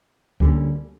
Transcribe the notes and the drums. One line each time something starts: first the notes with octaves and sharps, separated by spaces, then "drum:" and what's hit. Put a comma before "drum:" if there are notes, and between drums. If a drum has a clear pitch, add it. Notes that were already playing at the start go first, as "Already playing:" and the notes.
D2 D3 G3 A#3 C#4, drum: kick D2